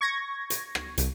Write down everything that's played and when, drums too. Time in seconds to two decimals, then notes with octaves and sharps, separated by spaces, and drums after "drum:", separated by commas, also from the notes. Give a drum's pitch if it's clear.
0.01 C#6 G#6 A#6
0.50 drum: hi-hat
0.75 drum: rim click
0.98 C2, drum: hi-hat